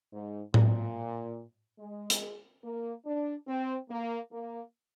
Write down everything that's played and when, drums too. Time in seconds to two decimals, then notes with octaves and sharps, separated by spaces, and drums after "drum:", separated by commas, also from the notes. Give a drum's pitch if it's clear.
0.13 G#2
0.54 A#2, drum: tom A2
1.80 G#3
2.10 drum: hi-hat
2.64 A#3
3.06 D4
3.48 C4
3.90 A#3
4.32 A#3